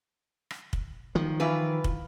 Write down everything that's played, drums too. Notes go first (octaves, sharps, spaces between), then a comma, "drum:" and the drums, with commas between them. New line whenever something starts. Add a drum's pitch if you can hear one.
drum: rim click
drum: kick
D#3 F3
E3 F4 B4
drum: kick